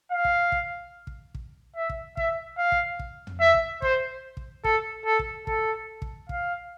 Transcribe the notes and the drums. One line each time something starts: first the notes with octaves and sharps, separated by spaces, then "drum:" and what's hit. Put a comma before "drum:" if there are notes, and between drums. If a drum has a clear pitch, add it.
F5
drum: kick
drum: kick
drum: kick
drum: kick
E5
drum: kick
E5, drum: kick
F5
drum: kick
drum: kick
drum: tom
E5
drum: kick
C5, drum: kick
drum: kick
A4, drum: kick
A4
drum: kick
A4, drum: kick
drum: kick
F5, drum: kick